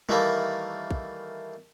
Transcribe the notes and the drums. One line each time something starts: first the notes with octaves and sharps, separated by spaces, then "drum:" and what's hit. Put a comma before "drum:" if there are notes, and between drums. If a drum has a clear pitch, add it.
D#3 E3 G3 A3 A#3, drum: tom
drum: kick